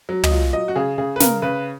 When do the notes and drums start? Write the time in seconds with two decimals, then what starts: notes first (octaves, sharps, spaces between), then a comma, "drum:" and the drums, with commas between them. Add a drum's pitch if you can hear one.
0.09 F#3
0.23 D#5, drum: tom
0.31 A#2
0.53 F#3 D#5
0.68 F#4
0.76 C#3 G#4
0.98 C#3 G#4
1.16 B4
1.20 C#3 A#4, drum: snare
1.42 C#3 B4